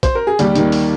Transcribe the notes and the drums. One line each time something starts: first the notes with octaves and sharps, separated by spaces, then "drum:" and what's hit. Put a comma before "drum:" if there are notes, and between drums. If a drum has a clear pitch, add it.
C5, drum: kick, hi-hat
A#4
G#4
D#2 G3 G4, drum: hi-hat
D#3 A#3, drum: hi-hat
drum: open hi-hat